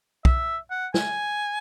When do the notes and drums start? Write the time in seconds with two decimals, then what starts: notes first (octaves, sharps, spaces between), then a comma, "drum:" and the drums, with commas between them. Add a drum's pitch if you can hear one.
0.25 E5, drum: kick
0.71 F#5
0.94 G#5, drum: snare